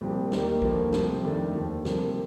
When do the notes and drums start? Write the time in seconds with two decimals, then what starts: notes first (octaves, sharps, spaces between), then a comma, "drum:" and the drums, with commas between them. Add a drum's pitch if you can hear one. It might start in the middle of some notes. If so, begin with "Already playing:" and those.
0.01 C2 A#2 F3 C4 G4
0.32 D#2 D#3 G3 A#3 D#4, drum: snare
0.62 D#2 D3 F3 A#3, drum: kick
0.92 C2 C3 F3 C4, drum: snare
1.24 F2 D#3 A3 D4
1.55 D#2 D3 F3
1.85 C2 C3 F3 A#3, drum: snare